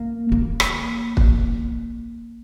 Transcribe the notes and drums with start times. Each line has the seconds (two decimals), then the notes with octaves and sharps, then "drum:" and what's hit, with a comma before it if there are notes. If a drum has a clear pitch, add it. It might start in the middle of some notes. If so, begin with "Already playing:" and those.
Already playing: A#3
0.32 A#3
0.60 drum: rim click
1.17 drum: kick